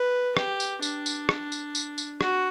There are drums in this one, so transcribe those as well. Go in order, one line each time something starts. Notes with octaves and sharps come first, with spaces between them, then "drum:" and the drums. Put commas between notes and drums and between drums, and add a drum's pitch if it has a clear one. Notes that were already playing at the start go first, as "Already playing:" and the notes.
Already playing: B4
G4, drum: rim click
drum: tambourine
D4, drum: tambourine
drum: tambourine
drum: rim click
drum: tambourine
drum: tambourine
drum: tambourine
F#4, drum: rim click